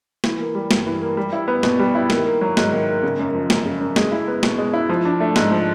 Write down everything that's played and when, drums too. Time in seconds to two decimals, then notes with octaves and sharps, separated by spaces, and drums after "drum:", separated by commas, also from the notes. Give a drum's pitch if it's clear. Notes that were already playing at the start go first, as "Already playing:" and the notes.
0.24 E3, drum: snare
0.40 A#3
0.55 G3
0.71 G2, drum: snare
0.86 E3
1.01 A#3
1.17 G3
1.33 E4
1.48 B3
1.63 B2, drum: snare
1.79 G3
1.95 E4
2.10 D#3, drum: snare
2.26 A#3
2.41 F#3
2.57 G#2, drum: snare
2.72 D#3
2.88 A#3
3.03 C#3
3.19 F#2
3.35 F3
3.50 F#2, drum: snare
3.65 C#3
3.81 F#2
3.96 G#3, drum: snare
4.12 E4
4.28 B3
4.43 B2, drum: snare
4.59 G#3
4.74 E4
4.89 F3
5.05 D4
5.20 A3
5.36 G#2, drum: snare
5.52 F3